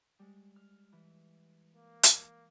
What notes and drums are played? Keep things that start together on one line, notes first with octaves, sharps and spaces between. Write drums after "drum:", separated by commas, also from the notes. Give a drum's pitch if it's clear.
G3 G#3
F6
E3
A#3
drum: hi-hat